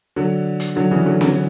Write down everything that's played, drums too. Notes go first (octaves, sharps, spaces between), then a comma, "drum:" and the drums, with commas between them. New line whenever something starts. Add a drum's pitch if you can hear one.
D3 F#3
drum: hi-hat
D3 F#3
C#3 E3
D3 F#3
D3 F#3, drum: snare C4